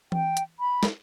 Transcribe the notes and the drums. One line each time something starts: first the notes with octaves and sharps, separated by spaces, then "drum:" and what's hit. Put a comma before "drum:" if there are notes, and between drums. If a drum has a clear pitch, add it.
G5, drum: tom E3
drum: hi-hat
B5
drum: snare